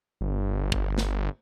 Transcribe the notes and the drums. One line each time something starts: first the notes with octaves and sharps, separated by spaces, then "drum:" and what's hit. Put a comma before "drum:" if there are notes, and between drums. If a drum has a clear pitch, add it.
G1
drum: kick
drum: snare